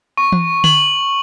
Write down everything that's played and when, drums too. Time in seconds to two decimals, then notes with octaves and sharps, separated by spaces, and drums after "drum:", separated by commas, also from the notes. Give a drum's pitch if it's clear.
0.17 C#6
0.32 drum: tom E3
0.64 F#7, drum: tom D3